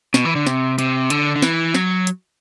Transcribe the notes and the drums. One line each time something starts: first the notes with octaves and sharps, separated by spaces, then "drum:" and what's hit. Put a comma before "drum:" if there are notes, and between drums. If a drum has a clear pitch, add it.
B2, drum: snare
E3
D3
C3, drum: snare
C3, drum: hi-hat
D3, drum: hi-hat
D3
E3, drum: snare
F#3, drum: snare
drum: hi-hat